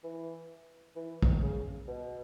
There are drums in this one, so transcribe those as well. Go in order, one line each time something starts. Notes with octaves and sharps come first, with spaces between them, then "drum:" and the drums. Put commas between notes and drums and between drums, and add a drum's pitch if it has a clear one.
E3
E3
drum: kick
C#3
B2